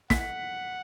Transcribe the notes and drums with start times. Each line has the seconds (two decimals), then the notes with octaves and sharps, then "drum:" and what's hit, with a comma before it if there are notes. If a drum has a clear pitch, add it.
0.10 F#5 B6, drum: snare